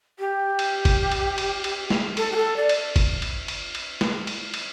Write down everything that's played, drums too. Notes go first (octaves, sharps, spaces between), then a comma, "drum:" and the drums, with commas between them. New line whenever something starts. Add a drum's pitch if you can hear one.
G4
drum: cymbal
drum: kick, cymbal
drum: cymbal
drum: cymbal
drum: cymbal
drum: snare
A4, drum: cymbal
G4
A4
D5
drum: cymbal
drum: kick, cymbal
drum: cymbal
drum: cymbal
drum: cymbal
drum: snare
drum: cymbal
drum: cymbal